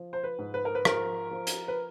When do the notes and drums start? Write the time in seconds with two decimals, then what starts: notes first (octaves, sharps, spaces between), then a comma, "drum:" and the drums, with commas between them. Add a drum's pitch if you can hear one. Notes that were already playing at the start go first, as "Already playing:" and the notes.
Already playing: F3
0.13 C5
0.24 B4
0.39 G#2
0.54 B4
0.65 A#4
0.75 B4
0.85 F3 A#4, drum: rim click
1.31 F3
1.47 drum: hi-hat
1.68 B4